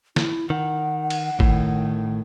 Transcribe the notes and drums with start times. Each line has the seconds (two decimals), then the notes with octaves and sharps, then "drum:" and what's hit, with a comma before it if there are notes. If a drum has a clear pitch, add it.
0.16 E4, drum: snare
0.50 D#3 F#5
1.10 drum: cymbal
1.40 A2 D#3, drum: kick G#1